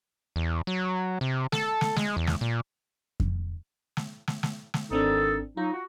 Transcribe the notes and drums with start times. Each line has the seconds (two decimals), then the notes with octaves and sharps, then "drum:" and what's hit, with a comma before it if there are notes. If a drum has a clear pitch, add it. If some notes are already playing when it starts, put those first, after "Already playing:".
0.36 E2
0.67 F#3
1.21 C3
1.52 A4, drum: snare
1.81 drum: snare
1.96 G#3, drum: snare
2.17 E2
2.27 drum: snare
2.41 A#2
3.20 drum: kick F2
3.97 drum: snare
4.28 drum: snare
4.43 drum: snare
4.74 drum: snare
4.91 G#1 D#3 C4 D4 D#4 A4
5.57 F#3 D#4 F4
5.73 F#4